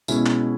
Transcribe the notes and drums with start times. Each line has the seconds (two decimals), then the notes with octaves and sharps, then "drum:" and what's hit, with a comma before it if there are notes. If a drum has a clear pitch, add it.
0.08 B2 G#3 C#4 E4, drum: tambourine
0.26 drum: clap